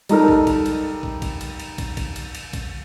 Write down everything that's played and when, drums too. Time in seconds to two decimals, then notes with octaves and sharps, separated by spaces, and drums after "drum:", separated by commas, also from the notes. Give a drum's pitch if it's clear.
0.09 G3 D#4 A4 A#4, drum: cymbal
0.28 drum: kick
0.47 drum: kick, cymbal
0.66 drum: cymbal
1.03 drum: kick
1.22 drum: kick, cymbal
1.41 drum: cymbal
1.60 drum: cymbal
1.78 drum: kick, cymbal
1.97 drum: kick, cymbal
2.16 drum: cymbal
2.35 drum: cymbal
2.53 drum: kick, cymbal